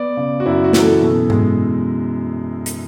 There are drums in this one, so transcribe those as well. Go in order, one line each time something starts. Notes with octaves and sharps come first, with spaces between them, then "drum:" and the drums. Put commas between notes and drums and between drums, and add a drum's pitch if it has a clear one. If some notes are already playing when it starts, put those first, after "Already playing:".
Already playing: B3 D5
C#3
F#4
F#2 E4
F#4
E3, drum: snare
A4
B2 A4
G#3, drum: tom G#2
drum: hi-hat